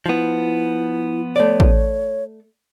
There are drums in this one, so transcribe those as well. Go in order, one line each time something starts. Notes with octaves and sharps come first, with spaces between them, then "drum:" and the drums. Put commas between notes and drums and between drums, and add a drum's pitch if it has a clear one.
F3 B3 E4
A3 C#5 D5
drum: kick A1